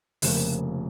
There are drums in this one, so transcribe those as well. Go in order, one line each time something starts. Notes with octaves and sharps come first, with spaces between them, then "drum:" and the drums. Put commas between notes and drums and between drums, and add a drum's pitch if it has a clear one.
F1 F2 C#3 F3 A#3, drum: open hi-hat